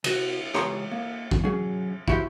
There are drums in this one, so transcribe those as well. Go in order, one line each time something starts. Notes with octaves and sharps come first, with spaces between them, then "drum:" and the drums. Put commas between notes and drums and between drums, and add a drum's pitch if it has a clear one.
C3 F#4, drum: cymbal
C#2 G4 C#5 A#5 C6, drum: rim click
A#3
drum: kick
F#3 C#4 G#4
E4 F#4 G4 C5, drum: kick